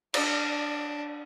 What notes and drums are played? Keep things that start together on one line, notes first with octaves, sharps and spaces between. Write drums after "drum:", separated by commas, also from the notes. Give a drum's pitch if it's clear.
D4, drum: cymbal